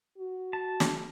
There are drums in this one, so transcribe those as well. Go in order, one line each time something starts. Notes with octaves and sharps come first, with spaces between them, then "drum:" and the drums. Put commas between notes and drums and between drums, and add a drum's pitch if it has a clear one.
F#4
A5
drum: snare